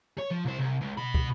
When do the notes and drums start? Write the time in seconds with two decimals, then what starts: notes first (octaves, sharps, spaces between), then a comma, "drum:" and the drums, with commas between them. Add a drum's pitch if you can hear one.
0.19 C#5
0.31 F3
0.46 C2 C5
0.60 C2
0.81 C#2
0.98 B2 B5
1.15 drum: kick